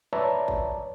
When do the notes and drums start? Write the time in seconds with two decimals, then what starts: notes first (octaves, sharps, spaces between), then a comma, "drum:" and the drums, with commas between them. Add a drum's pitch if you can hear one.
0.13 B4 C#5 D5 E5 A5 A#5
0.48 drum: kick G#1